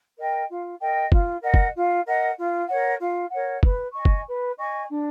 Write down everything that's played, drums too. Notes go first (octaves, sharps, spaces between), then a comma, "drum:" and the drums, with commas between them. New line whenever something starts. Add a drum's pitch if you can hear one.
A#4 D#5 G5
F4
A#4 D#5 G5
F4, drum: kick
A#4 D#5 F#5
drum: kick
F4
A#4 D#5 F#5
F4
A#4 C#5 F#5
F4
A#4 C#5 F#5
B4, drum: kick
D#5 G#5 C#6
drum: kick
B4
D#5 G#5 C#6
D4